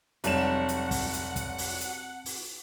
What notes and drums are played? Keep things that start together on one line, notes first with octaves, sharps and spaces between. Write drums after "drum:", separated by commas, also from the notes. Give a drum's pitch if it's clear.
F1 F#3 G3 C4 F#5 A5 A#5 E7, drum: hi-hat
drum: hi-hat
drum: kick, open hi-hat
drum: hi-hat
drum: kick, hi-hat
drum: open hi-hat
drum: hi-hat
drum: open hi-hat